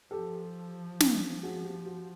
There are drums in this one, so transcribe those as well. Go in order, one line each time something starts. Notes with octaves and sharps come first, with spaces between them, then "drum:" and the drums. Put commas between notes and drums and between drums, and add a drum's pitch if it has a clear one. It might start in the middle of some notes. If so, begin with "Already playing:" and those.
F3 G4 A4
drum: snare
F#4 G#4
G4
F#4